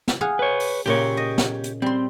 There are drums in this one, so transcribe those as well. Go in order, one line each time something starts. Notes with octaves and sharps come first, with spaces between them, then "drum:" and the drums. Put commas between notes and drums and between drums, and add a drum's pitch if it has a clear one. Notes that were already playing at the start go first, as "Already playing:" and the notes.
drum: snare
G#4 F5 F#5
B4 C#5
drum: open hi-hat
A#2 C#3 G4 C#5
D#5
drum: snare
drum: hi-hat
G3 C4 C6